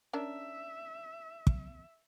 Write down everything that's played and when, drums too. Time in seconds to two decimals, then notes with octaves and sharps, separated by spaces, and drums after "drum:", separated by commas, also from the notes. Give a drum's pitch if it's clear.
0.13 C#4 D4 A#4 E5
1.47 drum: kick